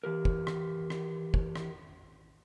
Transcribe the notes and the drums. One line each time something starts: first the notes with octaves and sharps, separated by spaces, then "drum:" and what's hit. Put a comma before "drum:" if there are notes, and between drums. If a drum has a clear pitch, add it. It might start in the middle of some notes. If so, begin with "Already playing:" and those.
E3 G4 A#4
drum: kick
drum: rim click
drum: rim click
drum: kick
drum: rim click